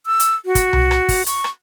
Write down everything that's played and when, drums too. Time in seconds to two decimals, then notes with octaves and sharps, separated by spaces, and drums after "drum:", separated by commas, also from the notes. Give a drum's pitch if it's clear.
0.06 E6
0.20 drum: hi-hat
0.46 F#4
0.55 drum: kick, hi-hat
0.73 drum: tom C2
0.91 drum: rim click
1.09 drum: kick, open hi-hat
1.26 C#6, drum: hi-hat
1.44 drum: rim click